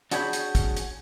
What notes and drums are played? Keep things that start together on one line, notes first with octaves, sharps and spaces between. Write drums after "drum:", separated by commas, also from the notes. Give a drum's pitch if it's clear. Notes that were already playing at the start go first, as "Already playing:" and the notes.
D4 F#4 G#4 C#5 G5 B5, drum: hi-hat
drum: hi-hat
drum: kick, hi-hat
drum: hi-hat